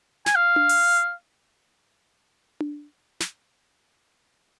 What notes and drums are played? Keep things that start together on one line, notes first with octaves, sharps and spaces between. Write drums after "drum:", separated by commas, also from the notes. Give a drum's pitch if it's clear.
G#5, drum: snare
F5
drum: tom D4
drum: open hi-hat
drum: tom D4
drum: snare